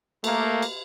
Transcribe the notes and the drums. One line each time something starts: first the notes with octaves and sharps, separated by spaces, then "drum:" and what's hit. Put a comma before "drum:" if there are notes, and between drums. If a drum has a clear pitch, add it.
A3 A#3, drum: cymbal
drum: cymbal